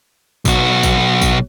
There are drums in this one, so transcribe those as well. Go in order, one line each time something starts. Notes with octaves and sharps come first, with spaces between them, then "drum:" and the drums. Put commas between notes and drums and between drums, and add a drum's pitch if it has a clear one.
B1 F#4, drum: kick A1, tambourine
drum: kick A1, tambourine
drum: kick A1, tambourine